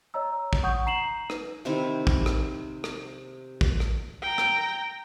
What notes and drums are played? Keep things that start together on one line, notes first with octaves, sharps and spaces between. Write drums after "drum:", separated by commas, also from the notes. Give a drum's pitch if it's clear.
C#5 D#5 A#5 E6
drum: kick A1
F#5 C#6 D#6 G6
A#5 C7 E7 F#7
D#4 B4, drum: rim click
C3 D#3 C4 E4
drum: kick A1
drum: rim click
drum: rim click
drum: kick A1
drum: rim click
G5 A#5
drum: rim click